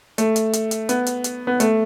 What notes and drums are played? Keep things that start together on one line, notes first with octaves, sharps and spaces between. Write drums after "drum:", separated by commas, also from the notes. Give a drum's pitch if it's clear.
A3, drum: hi-hat
drum: hi-hat
drum: hi-hat
drum: hi-hat
B3, drum: hi-hat
drum: hi-hat
drum: hi-hat
B3
A3, drum: hi-hat